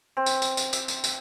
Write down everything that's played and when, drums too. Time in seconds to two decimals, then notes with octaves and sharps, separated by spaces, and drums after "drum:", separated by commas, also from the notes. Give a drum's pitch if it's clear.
0.17 C4
0.26 drum: tambourine
0.42 drum: tambourine
0.57 drum: tambourine
0.73 E5, drum: tambourine
0.88 drum: tambourine
1.04 drum: tambourine